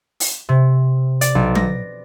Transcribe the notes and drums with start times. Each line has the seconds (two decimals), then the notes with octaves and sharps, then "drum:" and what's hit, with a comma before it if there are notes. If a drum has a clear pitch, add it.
0.20 drum: open hi-hat
0.49 C3
1.21 D5, drum: hi-hat
1.35 B1
1.55 A#6, drum: tom F#3